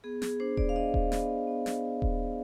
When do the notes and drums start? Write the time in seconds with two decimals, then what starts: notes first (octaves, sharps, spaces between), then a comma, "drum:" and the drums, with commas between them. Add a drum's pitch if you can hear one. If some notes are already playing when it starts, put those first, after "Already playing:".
0.04 B3 G#4
0.22 G#4, drum: snare
0.40 D4 C5
0.57 D5, drum: kick D#1
0.69 F5
0.76 D4 D#5
0.94 drum: kick D#1
1.12 B3, drum: snare
1.47 B3
1.66 drum: snare
2.02 drum: kick D#1